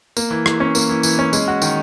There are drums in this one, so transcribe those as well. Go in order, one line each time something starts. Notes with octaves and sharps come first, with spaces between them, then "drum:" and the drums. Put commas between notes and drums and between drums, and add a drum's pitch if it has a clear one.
A#3, drum: tambourine
E3
E3, drum: rim click
C#4
A#3, drum: tambourine
E3
E3, drum: tambourine
C#4
G#3, drum: tambourine
F#4
D#3, drum: tambourine